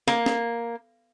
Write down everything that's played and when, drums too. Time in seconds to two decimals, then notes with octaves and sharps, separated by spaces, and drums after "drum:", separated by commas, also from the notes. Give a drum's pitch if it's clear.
0.08 A#3, drum: snare
0.26 drum: snare